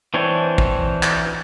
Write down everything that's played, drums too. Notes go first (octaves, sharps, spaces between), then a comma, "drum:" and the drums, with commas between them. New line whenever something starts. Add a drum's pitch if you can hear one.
E3 C4 D4 C#5
drum: kick
drum: clap